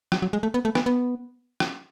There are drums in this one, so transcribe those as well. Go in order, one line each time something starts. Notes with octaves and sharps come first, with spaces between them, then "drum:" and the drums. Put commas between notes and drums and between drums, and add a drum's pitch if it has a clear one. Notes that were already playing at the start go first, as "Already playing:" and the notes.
F#3, drum: rim click
F#3
G#3
A3
B3
A3
B3, drum: rim click
B3
drum: rim click